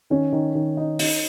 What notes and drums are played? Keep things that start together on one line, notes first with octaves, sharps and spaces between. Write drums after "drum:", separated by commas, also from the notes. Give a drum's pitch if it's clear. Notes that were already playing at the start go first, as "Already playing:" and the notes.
D#3 C#4
D#3
D#3
D#4
D#4, drum: open hi-hat